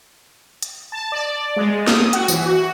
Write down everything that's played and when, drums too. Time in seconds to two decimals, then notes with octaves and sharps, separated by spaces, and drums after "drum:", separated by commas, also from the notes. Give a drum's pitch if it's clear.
0.62 drum: hi-hat
0.92 A5
1.12 D5
1.56 G#3
1.87 D#6, drum: snare
2.13 F#4, drum: hi-hat
2.28 E3, drum: tambourine
2.46 F#4